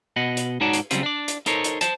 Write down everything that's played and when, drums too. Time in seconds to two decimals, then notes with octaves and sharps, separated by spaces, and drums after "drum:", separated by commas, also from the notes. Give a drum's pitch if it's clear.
0.16 B2 D#5 F#5
0.37 drum: hi-hat
0.61 G#2 D#4 F#4 C#5 D5 A5
0.73 drum: hi-hat
0.91 C#3 F#3 G3 C4 F4, drum: hi-hat
1.03 D4 D5
1.28 drum: hi-hat
1.46 D#4 A4 A#4 C5 C#5, drum: hi-hat
1.64 drum: hi-hat
1.81 C5 A5, drum: hi-hat